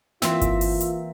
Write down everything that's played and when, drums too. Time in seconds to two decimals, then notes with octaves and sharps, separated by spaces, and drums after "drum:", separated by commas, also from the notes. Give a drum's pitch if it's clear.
0.22 E3 A#3 C4 F4 E5 C6 E6, drum: snare
0.41 drum: kick G1, hi-hat
0.61 drum: open hi-hat
0.81 drum: hi-hat